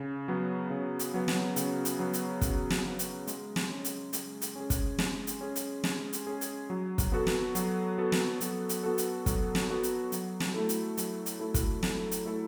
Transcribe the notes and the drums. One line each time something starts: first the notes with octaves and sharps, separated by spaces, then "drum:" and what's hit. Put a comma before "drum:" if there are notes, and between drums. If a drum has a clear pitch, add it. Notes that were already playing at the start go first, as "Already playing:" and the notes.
Already playing: C#3
F#3 B3
C#3
drum: hi-hat
F#3 B3
drum: snare
C#3, drum: hi-hat
drum: hi-hat
F#3 B3
drum: hi-hat
C#3, drum: kick, hi-hat
drum: snare
F#3 B3
drum: hi-hat
G#3, drum: hi-hat
drum: snare
C#4 G#4
drum: hi-hat
G#3, drum: hi-hat
drum: hi-hat
C#4 G#4
drum: kick, hi-hat
G#3, drum: snare
drum: hi-hat
C#4 G#4
drum: hi-hat
G#3, drum: snare
drum: hi-hat
C#4 G#4
drum: hi-hat
F#3
drum: kick, hi-hat
B3 F#4 A4
drum: snare
F#3, drum: hi-hat
B3 F#4 A4
drum: snare
F#3, drum: hi-hat
drum: hi-hat
B3 F#4 A4
drum: hi-hat
F#3, drum: kick, hi-hat
drum: snare
B3 F#4 A4
drum: hi-hat
F#3, drum: hi-hat
drum: snare
A3 E4 A4
drum: hi-hat
F#3, drum: hi-hat
drum: hi-hat
A3 E4 A4
drum: kick, hi-hat
F#3, drum: snare
drum: hi-hat
A3 E4 A4